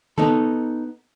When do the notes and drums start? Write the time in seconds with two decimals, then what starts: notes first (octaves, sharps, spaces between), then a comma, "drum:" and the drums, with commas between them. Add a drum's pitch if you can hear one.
0.18 B3 D#4 A4, drum: tom D#3